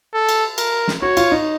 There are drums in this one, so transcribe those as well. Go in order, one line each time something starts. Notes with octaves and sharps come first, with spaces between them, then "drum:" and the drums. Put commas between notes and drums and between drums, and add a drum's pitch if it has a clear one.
A4
drum: cymbal
A#4, drum: cymbal
drum: snare
F#4 C#5
F4, drum: cymbal
D#4